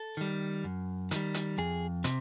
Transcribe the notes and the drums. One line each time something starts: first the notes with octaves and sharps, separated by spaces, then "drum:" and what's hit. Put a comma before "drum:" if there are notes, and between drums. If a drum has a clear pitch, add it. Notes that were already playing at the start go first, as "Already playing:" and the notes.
Already playing: A4
D#3 G3
F#2
D#3 G3, drum: hi-hat
drum: hi-hat
F2 G#4
C3, drum: hi-hat